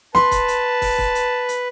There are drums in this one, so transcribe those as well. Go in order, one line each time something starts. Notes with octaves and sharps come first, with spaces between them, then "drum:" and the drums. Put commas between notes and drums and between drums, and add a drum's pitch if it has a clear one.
B4 A5 C6, drum: snare
drum: kick, hi-hat
drum: hi-hat
drum: kick, open hi-hat
drum: kick
drum: hi-hat
drum: hi-hat